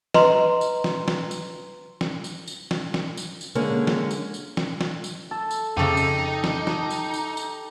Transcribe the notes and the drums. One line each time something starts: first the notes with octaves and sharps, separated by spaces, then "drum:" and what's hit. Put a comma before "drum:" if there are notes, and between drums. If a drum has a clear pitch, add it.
B4 D#5 A#5 C6, drum: snare
drum: tambourine
drum: snare
drum: snare
drum: tambourine
drum: snare
drum: tambourine
drum: tambourine
drum: snare
drum: snare
drum: tambourine
drum: tambourine
D3 G#3 A#3 C#4
drum: snare
drum: tambourine
drum: tambourine
drum: snare
drum: snare
drum: tambourine
A4
drum: tambourine
F2 C#3 D#4 G4 A4 E5
drum: tambourine
drum: snare
drum: snare
drum: tambourine
drum: tambourine
drum: tambourine